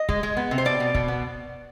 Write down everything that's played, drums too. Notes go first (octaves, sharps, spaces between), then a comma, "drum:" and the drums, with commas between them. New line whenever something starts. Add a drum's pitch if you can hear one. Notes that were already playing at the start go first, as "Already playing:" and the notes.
Already playing: D#5
G#3, drum: kick
G#3
B3
C3
C5
B2 D5
B2
B2, drum: kick
B3